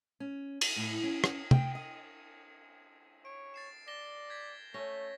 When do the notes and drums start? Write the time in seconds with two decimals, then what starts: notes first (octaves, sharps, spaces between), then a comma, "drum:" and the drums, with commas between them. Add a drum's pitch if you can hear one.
0.20 C#4
0.61 drum: cymbal
0.76 A2
1.03 C#4
1.24 drum: rim click
1.51 G5, drum: tom
1.75 D#5
3.25 C#5 D7
3.54 A6 C7 E7
3.88 D5 A#6 E7 G7
4.30 G6 G#6 B6
4.74 A3 C#4 A#6